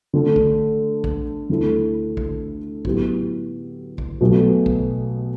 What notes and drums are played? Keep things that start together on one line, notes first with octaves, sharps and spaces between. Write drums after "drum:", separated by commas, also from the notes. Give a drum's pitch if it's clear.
D3 A3 D4
drum: kick
drum: kick
D2 D3 A3 E4 A4
drum: kick
A2 F#3 B3 E4 G4, drum: kick
drum: kick
B1 B2 F#3 A3
drum: kick